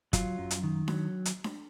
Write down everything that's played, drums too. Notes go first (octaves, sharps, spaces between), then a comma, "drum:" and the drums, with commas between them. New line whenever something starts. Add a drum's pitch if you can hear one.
F#3 F4, drum: kick G1, hi-hat
F#2
drum: hi-hat
D#3
F#3, drum: snare D4
drum: hi-hat
drum: snare D4